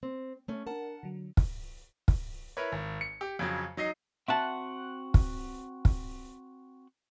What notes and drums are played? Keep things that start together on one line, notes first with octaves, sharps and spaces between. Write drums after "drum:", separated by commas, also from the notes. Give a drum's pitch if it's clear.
C4
A3 C#4
D4 A#4 F#5 A5
D3 F#3
drum: kick
drum: kick
E4 A#4 B4 C#5
G#1
C#7
G4
F2 C#3 F#3
F#3 D#4 D#5 C7
C4 F#4 E5 F#5 A5
drum: kick
drum: kick